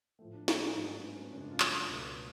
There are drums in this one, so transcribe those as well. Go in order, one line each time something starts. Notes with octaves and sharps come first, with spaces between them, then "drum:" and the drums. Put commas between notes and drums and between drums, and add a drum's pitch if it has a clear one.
A2 F3 A3
D4
F4, drum: snare
F#4
G#4
G#2 F#3 A3 F#4
D4
C#4
B3
C#4
B3
F#2 C#3 G#3 C#4
D4
F4
F#4, drum: clap
C#5
C#2 B2 A3